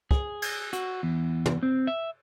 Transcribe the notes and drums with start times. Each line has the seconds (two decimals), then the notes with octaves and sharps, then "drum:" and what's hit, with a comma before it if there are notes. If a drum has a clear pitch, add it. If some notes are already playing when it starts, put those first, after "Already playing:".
0.11 G#4, drum: kick
0.42 drum: cymbal
0.73 F#4, drum: hi-hat
1.03 E2
1.46 drum: tom
1.63 C4
1.87 E5